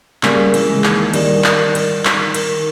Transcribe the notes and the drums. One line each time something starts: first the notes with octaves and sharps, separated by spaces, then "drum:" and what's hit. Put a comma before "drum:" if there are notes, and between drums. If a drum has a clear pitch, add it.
C#3 G3 A#3, drum: clap
E3, drum: cymbal
G#3
D#2, drum: clap
D#3 G3, drum: cymbal
D#3, drum: clap
D#3, drum: cymbal
D#3, drum: clap
D#3, drum: cymbal